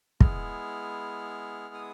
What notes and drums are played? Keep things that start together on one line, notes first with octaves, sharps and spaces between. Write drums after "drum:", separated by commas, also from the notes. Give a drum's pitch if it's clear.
G#3 B3 E4 G#4 F6, drum: kick
D#6